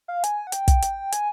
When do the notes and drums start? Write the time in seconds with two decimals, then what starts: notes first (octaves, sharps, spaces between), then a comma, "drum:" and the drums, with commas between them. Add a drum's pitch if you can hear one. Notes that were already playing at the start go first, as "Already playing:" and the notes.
0.08 F5
0.24 G#5, drum: hi-hat
0.47 F#5
0.52 G5, drum: hi-hat
0.68 drum: kick, hi-hat
0.82 drum: hi-hat
1.12 G#5, drum: hi-hat